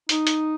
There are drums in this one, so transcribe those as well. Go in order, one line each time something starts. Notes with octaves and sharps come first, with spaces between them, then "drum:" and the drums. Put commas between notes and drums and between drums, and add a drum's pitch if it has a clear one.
D#4, drum: hi-hat
drum: hi-hat